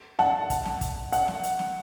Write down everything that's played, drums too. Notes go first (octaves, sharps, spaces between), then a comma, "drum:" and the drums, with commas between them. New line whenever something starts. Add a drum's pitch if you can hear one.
F#5 A5, drum: snare
drum: kick, hi-hat
drum: snare
drum: kick, hi-hat
F#5, drum: hi-hat
drum: snare
drum: hi-hat
drum: snare